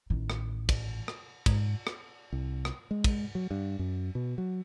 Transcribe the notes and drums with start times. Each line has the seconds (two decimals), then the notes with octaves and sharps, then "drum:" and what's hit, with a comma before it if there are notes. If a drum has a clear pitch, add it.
0.10 A1 D#3
0.30 drum: rim click
0.69 drum: kick, cymbal
1.08 drum: rim click
1.46 G#2, drum: kick, cymbal
1.87 drum: rim click
2.32 C2
2.65 drum: rim click
2.91 G#3
3.04 drum: kick, cymbal
3.35 F#3
3.51 G2
3.79 F#2
4.15 B2
4.38 F#3